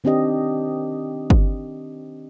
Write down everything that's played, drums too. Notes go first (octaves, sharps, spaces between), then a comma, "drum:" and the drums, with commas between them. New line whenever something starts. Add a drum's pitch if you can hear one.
D#3 C4 D4 G4 D#5
drum: kick G1